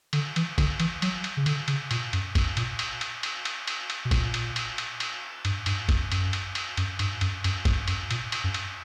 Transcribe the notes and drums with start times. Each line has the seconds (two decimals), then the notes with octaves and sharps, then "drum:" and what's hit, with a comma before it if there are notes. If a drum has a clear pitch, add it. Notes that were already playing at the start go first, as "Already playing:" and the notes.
0.13 D3, drum: cymbal
0.36 E3, drum: cymbal
0.58 D3, drum: kick G1, cymbal
0.80 E3, drum: cymbal
1.02 F#3, drum: cymbal
1.24 drum: cymbal
1.37 C#3
1.46 D3, drum: cymbal
1.68 C#3, drum: cymbal
1.91 A#2, drum: cymbal
2.13 F#2, drum: cymbal
2.35 F#2, drum: kick G1, cymbal
2.57 A#2, drum: cymbal
2.79 drum: cymbal
3.01 drum: cymbal
3.23 drum: cymbal
3.45 drum: cymbal
3.68 drum: cymbal
3.90 drum: cymbal
4.05 B2
4.11 A#2, drum: kick G1, cymbal
4.34 drum: cymbal
4.56 drum: cymbal
4.78 drum: cymbal
5.00 drum: cymbal
5.45 G2, drum: cymbal
5.66 G2, drum: cymbal
5.89 F#2, drum: kick G1, cymbal
6.12 F#2, drum: cymbal
6.33 drum: cymbal
6.55 drum: cymbal
6.77 F#2, drum: cymbal
6.99 G2, drum: cymbal
7.21 F#2, drum: cymbal
7.44 F#2, drum: cymbal
7.65 G2, drum: kick G1, cymbal
7.88 F#2, drum: cymbal
8.11 A#2, drum: cymbal
8.32 drum: cymbal
8.44 F#2
8.54 drum: cymbal